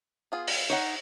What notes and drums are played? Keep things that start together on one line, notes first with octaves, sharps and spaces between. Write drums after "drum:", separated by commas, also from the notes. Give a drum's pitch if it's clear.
B3 F4 G#4
drum: open hi-hat
D#4 C#5 D#5 F#5